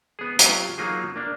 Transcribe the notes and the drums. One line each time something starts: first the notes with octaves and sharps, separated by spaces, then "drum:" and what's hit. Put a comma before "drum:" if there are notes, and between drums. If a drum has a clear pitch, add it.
B3 G#4
F#3 F4 G4, drum: hi-hat
F#3 A#3 D#4 F4 G#4
A#3 D4